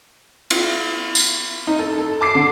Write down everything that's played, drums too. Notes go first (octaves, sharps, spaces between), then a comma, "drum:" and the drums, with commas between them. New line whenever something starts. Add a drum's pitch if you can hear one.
drum: cymbal
drum: tambourine
D#4
A4
A4
A5 D6 C7
D3